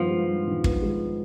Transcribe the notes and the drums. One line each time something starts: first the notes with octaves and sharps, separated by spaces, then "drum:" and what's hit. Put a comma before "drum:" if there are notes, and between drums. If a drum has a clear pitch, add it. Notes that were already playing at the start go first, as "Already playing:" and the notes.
Already playing: G2 D#3 F3 B3
G#3
G2
D#3
B3, drum: kick
G#3